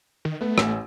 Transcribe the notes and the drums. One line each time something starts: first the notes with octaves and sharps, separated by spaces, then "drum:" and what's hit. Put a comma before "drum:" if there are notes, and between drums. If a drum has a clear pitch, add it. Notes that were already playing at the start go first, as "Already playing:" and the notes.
D#3
A3 B3
A1 G#5 E6, drum: rim click